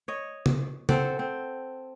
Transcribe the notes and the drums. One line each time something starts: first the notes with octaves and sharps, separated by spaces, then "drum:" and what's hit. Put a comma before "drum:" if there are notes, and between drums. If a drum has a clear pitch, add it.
C#5 D#5
drum: tom
C4 A4 F#5, drum: tom
C4